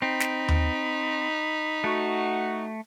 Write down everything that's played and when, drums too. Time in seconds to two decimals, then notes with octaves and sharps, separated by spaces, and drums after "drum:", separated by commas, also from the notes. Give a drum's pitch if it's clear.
0.02 C4 D#4 B5
0.20 drum: snare
0.48 drum: tom D#2
1.84 A3 F#4